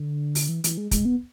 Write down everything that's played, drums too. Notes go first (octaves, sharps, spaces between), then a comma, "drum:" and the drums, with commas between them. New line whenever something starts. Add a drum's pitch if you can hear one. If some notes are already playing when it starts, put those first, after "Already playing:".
Already playing: D3
drum: open hi-hat
E3
E3, drum: hi-hat
G#3
G#3, drum: kick, hi-hat
B3